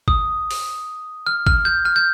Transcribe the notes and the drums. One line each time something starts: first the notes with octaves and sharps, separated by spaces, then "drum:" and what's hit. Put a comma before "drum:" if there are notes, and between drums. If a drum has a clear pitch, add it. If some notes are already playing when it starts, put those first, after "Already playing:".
D#6, drum: kick A1
drum: open hi-hat
F6
F6, drum: kick A1
G6
F6
G6